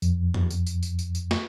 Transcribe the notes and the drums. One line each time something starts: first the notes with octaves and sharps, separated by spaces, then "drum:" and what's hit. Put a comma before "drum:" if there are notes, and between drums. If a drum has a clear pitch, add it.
F2, drum: tambourine
drum: tom F#2
drum: tambourine
drum: tambourine
drum: tambourine
drum: tambourine
drum: tambourine
drum: snare